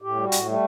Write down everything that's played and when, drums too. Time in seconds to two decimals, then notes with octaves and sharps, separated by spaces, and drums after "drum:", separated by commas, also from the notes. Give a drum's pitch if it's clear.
0.02 A2 G4
0.16 G3
0.24 F#4
0.32 A2, drum: hi-hat
0.46 G3 A3